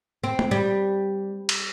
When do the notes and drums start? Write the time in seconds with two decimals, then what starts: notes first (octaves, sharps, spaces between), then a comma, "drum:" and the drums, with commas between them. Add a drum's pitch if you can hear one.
0.24 C4
0.39 drum: tom
0.51 G3
1.49 drum: cymbal